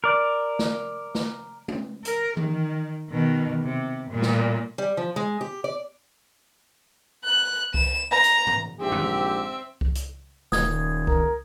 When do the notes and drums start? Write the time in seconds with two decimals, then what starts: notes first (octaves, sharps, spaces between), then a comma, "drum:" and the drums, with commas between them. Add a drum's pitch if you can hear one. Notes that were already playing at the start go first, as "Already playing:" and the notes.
0.04 A#4 D5
0.59 drum: snare
1.15 drum: snare
1.68 drum: tom G#3
2.05 A#4, drum: hi-hat
2.37 D#3, drum: tom E3
3.10 B2 D#3
3.62 C3
4.10 A#2 G3
4.22 drum: snare
4.78 G3
4.97 F3
5.16 G#3
5.41 G4
5.64 D5
7.24 F#6
7.74 E7, drum: kick C2
8.12 A#5
8.24 drum: hi-hat
8.47 drum: tom G#2
8.80 A#1 G#2 C4 G4 E5
8.92 drum: tom
9.81 drum: kick C2
9.95 drum: hi-hat
10.52 D#1 D#6 G#6, drum: snare
11.07 A#4, drum: kick C2